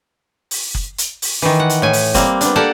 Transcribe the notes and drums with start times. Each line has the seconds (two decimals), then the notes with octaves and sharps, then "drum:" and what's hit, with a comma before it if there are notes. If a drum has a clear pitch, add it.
0.51 drum: open hi-hat
0.75 drum: kick F#1
0.98 drum: hi-hat
1.22 drum: open hi-hat
1.42 D#3 E3
1.60 F#5
1.70 drum: hi-hat
1.82 A2 G#5
1.93 drum: open hi-hat
2.14 G3 A#3 C4, drum: kick F#1, hi-hat
2.41 B3 D4, drum: hi-hat
2.56 A#3 G4 A4 D5 F#5 A5